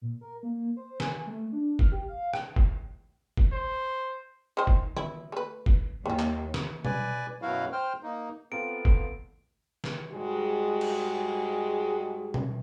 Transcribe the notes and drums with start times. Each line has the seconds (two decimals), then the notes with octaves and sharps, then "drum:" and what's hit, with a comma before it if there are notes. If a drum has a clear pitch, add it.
0.02 A#2
0.21 A#4
0.43 A#3
0.77 C5
1.00 G#5, drum: snare
1.27 A3
1.52 D4
1.79 F6, drum: kick F#1
1.92 G4
2.08 F5
2.33 drum: rim click
2.56 drum: kick F#1
3.37 drum: kick F#1
3.52 C5
4.57 D#3 C5
4.67 drum: kick F#1
4.97 E4, drum: tom D3
5.32 A3 B4
5.66 drum: kick F#1
6.06 D#2 E3 G3
6.19 drum: clap
6.54 drum: snare
6.85 B4 D5 G#5, drum: tom
7.42 F#2 B2 F#3 E4 F#4 F5
7.72 C5 G5 F6
8.03 A#3 D#4
8.52 B3 C4 F4 A4 A#5 D7
8.85 drum: kick F#1
9.84 drum: snare
10.11 G#2 G3 G#3 F#4
10.81 drum: cymbal
12.34 drum: tom